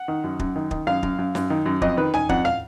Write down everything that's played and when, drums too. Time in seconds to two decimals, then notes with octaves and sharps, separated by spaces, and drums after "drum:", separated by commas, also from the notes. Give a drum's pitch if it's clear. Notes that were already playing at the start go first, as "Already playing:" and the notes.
Already playing: F#5
0.08 D#3
0.24 F#2
0.39 F#2, drum: kick
0.56 D#3
0.71 D#3, drum: kick
0.87 F#2 F5
1.03 F#2, drum: kick
1.18 F#2
1.35 F#2, drum: snare
1.50 D#3
1.66 F#2
1.82 F2 D#5, drum: kick
1.97 D#3 B4
2.13 D#3 G#5, drum: tom
2.29 F2 F#5, drum: kick
2.45 F5, drum: tom